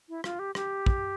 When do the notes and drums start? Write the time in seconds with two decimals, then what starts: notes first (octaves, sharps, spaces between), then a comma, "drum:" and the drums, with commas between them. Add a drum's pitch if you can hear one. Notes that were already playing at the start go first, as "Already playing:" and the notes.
0.09 E4
0.24 F4, drum: rim click
0.39 G4
0.55 G4, drum: rim click
0.86 drum: kick